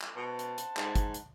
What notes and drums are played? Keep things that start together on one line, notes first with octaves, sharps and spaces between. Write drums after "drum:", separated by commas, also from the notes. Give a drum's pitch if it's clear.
drum: clap
B2 C5 F#5 A5
drum: hi-hat
drum: hi-hat
G#2, drum: clap
drum: kick G1, hi-hat
drum: hi-hat